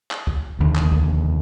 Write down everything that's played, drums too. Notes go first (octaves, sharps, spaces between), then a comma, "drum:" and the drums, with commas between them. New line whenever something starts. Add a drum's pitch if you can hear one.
drum: clap
drum: kick
F1 D#2 D3
drum: clap
drum: kick